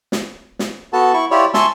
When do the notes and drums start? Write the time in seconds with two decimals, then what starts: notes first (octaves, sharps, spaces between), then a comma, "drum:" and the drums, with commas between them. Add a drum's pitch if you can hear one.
0.12 drum: snare
0.59 drum: snare
0.93 B3 F#4 A4 A5
1.14 E4 C#6
1.31 E4 F4 G4 C#5 D5 E5
1.54 E5 G#5 A5 C6 C#6 E6, drum: snare